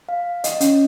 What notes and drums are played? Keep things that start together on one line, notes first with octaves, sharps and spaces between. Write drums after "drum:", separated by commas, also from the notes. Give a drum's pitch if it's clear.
F5
D#5, drum: hi-hat
C#4, drum: hi-hat